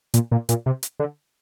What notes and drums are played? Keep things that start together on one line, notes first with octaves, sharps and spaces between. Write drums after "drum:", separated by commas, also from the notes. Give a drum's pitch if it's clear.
A#2, drum: hi-hat
A#2
A#2, drum: hi-hat
C3
drum: hi-hat
D3